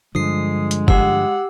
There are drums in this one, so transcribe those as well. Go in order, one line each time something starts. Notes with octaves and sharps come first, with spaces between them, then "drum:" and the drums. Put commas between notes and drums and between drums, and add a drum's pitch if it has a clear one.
G2 D3 F3 G#3 D#6 C7
drum: hi-hat
G4 F#5 E6, drum: kick